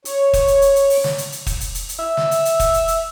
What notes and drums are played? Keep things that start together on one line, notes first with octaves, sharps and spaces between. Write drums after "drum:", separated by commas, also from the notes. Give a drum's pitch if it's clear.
C#5, drum: hi-hat
drum: kick, hi-hat
drum: hi-hat
drum: hi-hat
drum: hi-hat
drum: open hi-hat
drum: snare
drum: hi-hat
drum: hi-hat
drum: kick, hi-hat
drum: hi-hat
drum: hi-hat
drum: hi-hat
E5
drum: snare
drum: hi-hat
drum: hi-hat
drum: kick, hi-hat
drum: hi-hat
drum: hi-hat